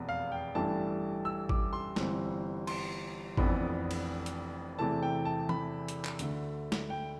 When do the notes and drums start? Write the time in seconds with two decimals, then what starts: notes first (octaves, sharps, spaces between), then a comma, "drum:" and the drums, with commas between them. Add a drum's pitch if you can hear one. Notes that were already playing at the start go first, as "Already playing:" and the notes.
Already playing: F1 E2 B2 B3
0.09 F5
0.32 G5
0.55 A1 G2 E3 A3 D4 A5
1.25 E6
1.49 D6, drum: kick G#1
1.73 C6
1.96 G1 G2 E3 G3 C4, drum: snare G#3
2.67 C6, drum: cymbal
3.37 F1 F2 E3 B3 D4 B5, drum: kick G#1
3.91 drum: cymbal
4.26 drum: hi-hat
4.79 E2 C3 E3 A3 A5
5.03 G5
5.25 A5
5.49 B5, drum: tom
5.88 drum: hi-hat
6.04 drum: clap
6.19 D2 D3 A3, drum: hi-hat
6.72 drum: snare G#3
6.90 G5